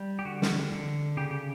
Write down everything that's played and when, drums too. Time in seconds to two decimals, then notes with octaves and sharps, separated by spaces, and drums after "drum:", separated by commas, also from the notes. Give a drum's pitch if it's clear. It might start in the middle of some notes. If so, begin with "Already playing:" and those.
Already playing: G3
0.19 G4
0.25 D3 F#4
0.42 drum: snare
0.72 D3
1.17 C#3 G4
1.31 G4